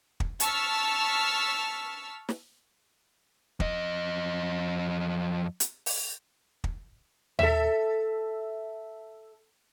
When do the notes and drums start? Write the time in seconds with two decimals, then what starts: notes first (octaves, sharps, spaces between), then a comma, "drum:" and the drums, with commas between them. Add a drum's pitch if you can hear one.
0.20 drum: kick
0.40 A5 C#6 E6 F6 B6, drum: hi-hat
2.29 drum: snare
3.60 F2 D#5, drum: kick
5.60 drum: hi-hat
5.86 drum: open hi-hat
6.64 drum: kick
7.39 A4 E5, drum: tom D#2